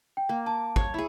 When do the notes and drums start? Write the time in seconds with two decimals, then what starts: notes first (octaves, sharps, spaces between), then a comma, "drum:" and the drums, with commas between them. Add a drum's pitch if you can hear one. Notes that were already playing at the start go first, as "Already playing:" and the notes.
0.17 G5
0.29 A#3
0.46 A5 D6
0.76 C#5, drum: kick
0.94 E4 G#4 G#6